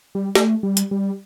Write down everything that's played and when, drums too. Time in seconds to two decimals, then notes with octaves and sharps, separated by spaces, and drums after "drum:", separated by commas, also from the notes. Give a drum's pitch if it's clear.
0.15 G3
0.35 A3, drum: snare
0.63 G3
0.77 drum: hi-hat
0.91 G3